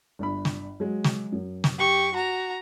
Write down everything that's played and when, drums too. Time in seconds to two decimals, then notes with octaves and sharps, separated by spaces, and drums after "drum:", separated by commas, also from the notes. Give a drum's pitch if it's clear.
0.19 G1 D4 B5
0.45 drum: snare
0.80 F#3 G#3
1.04 drum: snare
1.32 F#2
1.64 drum: snare
1.79 G4 C#6
2.14 F#4 A#5